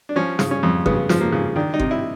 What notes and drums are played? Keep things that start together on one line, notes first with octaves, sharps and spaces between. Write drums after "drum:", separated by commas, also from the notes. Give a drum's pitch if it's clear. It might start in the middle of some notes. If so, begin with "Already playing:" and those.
D4
F3 C#4
C#3, drum: snare
C#4
F2
C#3 B3, drum: kick G1
F3, drum: snare
A#3
C#3
D#3 D4
D#4
C3, drum: kick G1
E4